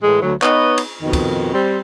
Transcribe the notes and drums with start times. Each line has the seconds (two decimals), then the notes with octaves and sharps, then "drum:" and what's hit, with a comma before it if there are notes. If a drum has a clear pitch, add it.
0.03 A2 E3 G#3
0.22 D2 F#3
0.42 B3 D#4 B4 C#5 D#5, drum: clap
0.78 drum: cymbal
1.03 F2 B2 D#3
1.13 drum: kick, cymbal
1.54 G3 C4